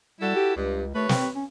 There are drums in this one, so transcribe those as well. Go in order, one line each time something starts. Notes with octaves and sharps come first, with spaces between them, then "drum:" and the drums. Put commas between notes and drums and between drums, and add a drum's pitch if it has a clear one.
G3 E4 F#4 A4
G4
C#2 G2
D#2 A3 B4 C#5
C4, drum: snare
C#4